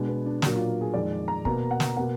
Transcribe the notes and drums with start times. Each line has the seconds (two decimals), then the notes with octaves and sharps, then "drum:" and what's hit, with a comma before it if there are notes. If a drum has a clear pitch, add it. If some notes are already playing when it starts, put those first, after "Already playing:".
Already playing: B2 G#3 D4
0.09 B3
0.26 D4
0.42 A#2 F#3 A#3 D4, drum: snare
0.56 F4
0.81 G#4
0.94 F2 D#3 G#3 D5
1.28 A#5
1.45 B2 A#3 A#5, drum: kick
1.71 F#5
1.80 drum: snare
1.97 B2 A#3 F#5